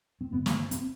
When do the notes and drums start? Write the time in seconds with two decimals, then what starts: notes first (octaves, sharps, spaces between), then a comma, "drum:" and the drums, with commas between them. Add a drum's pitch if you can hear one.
0.21 C4
0.32 G2 D3 B3
0.46 A#3, drum: snare
0.71 C4, drum: hi-hat